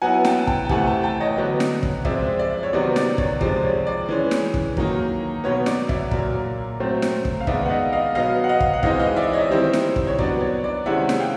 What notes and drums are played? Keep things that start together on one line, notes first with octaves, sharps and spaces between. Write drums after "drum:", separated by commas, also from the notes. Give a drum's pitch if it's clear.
F#3 B3 E4 F#5 G#5
G5 A5, drum: snare
G5 A5, drum: kick
G5
C3 E3 A3 F#5 G#5, drum: kick
G5 A5
G5 A5
C#5 D#5
D3 F#3 B3 D4 C#5 D#5
drum: snare
drum: kick
F3 G#3 C4 D5 E5, drum: kick
D5 E5
C#5
C3 D#3 F#3 B3 D#4 D5
D5, drum: snare
C#5, drum: kick
C3 F3 G#3 D5, drum: kick
C#5
D5
E3 G#3 C#4
drum: snare
drum: kick
D#3 F#3 A#3 D#4, drum: kick
B2 F#3 B3 C#5
D5, drum: snare
D5 E5, drum: kick
A#2 F#3 A#3, drum: kick
F#3 A3 C4
drum: snare
drum: kick
F5
D#3 G#3 B3 D#4 D5 E5, drum: kick
F#5
D#5 F5
D#5 F5
B2 F#3 B3 D#5 F5
F#5
D#5 F5
drum: kick
F#5
E3 G#3 C4 D#4 D#5 F5, drum: kick
D#5 F5
D5 E5
C#5 D#5
D#3 G3 C4 E4
drum: snare
drum: kick
C#5
F#3 B3 D4 D5, drum: kick
C#5
D5
C3 D#3 G#3 C#4 E4 E5 F#5
drum: snare
F5 G5